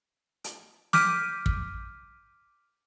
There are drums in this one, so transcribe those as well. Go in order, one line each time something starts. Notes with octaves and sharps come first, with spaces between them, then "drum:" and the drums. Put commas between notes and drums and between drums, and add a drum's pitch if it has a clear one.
drum: hi-hat
D6 F6 G6 B6 D7 D#7, drum: snare
drum: kick